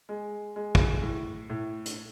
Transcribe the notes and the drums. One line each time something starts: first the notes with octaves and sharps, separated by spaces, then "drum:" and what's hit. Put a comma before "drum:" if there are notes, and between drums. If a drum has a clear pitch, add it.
G#3
G#3
drum: kick
A2
A2
drum: hi-hat